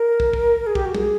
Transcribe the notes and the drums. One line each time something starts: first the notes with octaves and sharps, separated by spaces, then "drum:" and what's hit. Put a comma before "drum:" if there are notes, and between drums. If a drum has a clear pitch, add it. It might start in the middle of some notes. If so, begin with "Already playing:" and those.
Already playing: A#4
drum: kick
drum: kick
G#4
G4, drum: kick
F#4
G#4, drum: tom